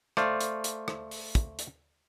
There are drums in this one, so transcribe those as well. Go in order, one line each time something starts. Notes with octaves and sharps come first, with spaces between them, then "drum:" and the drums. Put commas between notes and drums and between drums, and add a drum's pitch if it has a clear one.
A3 C5 D5 F5, drum: rim click
drum: hi-hat
drum: hi-hat
drum: rim click
drum: open hi-hat
drum: kick, hi-hat
drum: hi-hat